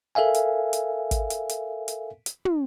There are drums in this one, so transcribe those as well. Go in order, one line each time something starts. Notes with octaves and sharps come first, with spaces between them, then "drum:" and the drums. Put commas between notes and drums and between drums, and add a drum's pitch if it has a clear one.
A4 A#4 E5 F5 G#5
drum: hi-hat
drum: hi-hat
drum: kick, hi-hat
drum: hi-hat
drum: hi-hat
drum: hi-hat
drum: hi-hat
drum: tom